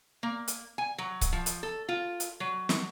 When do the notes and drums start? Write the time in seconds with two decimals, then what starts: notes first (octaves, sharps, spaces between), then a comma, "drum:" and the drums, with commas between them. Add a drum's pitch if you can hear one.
0.23 A#3
0.48 drum: hi-hat
0.78 G#5
0.98 F#3
1.21 drum: kick C#1, hi-hat
1.33 F3
1.46 drum: hi-hat
1.63 A4
1.89 F4
2.20 drum: hi-hat
2.40 F#3
2.69 drum: snare